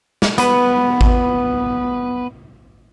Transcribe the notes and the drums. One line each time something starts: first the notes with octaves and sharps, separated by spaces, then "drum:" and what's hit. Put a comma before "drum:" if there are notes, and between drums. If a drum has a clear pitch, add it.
drum: snare
B3 B4, drum: hi-hat
drum: kick G#1